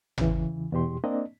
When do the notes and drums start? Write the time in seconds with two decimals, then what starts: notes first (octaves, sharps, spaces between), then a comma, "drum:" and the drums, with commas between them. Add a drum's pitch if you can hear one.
0.18 E2 C#3 E3, drum: tom G#1
0.73 E2 B2 G4 C6
1.04 A#3 C4 D4 D5 D#5